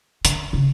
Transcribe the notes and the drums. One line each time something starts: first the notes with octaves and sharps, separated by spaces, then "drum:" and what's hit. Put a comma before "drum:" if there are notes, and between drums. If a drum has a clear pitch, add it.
D3, drum: hi-hat
C#3